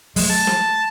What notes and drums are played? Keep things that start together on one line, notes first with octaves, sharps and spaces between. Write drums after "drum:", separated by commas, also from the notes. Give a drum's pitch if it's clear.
F#3 G#3 A3, drum: open hi-hat
A5
drum: snare